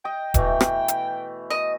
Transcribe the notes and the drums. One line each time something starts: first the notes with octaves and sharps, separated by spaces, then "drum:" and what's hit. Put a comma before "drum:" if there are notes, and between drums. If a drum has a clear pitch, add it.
D#5 G5
B2 E3 A3, drum: kick D#1, hi-hat
drum: rim click
drum: hi-hat
D#5